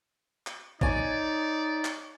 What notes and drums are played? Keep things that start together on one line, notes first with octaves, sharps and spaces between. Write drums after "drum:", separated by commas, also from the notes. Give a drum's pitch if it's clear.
drum: clap
D#4 C#5 D5 G#5, drum: kick
drum: clap